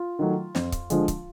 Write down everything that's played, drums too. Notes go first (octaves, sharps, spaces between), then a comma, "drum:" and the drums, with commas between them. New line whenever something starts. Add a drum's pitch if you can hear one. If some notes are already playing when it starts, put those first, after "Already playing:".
Already playing: F4
D#3 F#3 A3
F2, drum: snare
drum: kick C#1, hi-hat
D3 F3 G#3, drum: hi-hat
drum: kick C#1, hi-hat